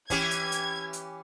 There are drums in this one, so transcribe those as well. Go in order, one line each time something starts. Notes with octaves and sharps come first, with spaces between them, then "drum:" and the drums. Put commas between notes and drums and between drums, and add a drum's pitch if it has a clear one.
E3 C#4 G4 G#6, drum: kick, hi-hat
drum: hi-hat
drum: hi-hat
drum: hi-hat